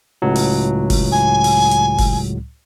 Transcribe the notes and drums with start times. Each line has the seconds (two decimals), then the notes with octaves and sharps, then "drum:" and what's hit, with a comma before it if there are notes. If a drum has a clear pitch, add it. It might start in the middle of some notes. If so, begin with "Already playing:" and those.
0.22 C#2 A2 F#3
0.36 drum: open hi-hat
0.90 drum: kick, open hi-hat
1.12 G#5
1.44 drum: open hi-hat
1.71 drum: hi-hat
1.98 drum: kick, open hi-hat